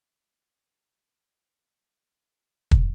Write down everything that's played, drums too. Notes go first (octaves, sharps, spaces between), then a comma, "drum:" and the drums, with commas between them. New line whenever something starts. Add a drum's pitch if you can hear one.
C#3 C#4 A#4 C5 G#5
A2 A#3 D#4 C5
drum: kick